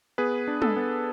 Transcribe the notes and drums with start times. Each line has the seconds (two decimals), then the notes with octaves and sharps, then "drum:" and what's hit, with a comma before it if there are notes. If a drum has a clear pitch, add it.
0.18 B3 G#4 B4
0.48 D4
0.62 A4, drum: tom
0.76 B3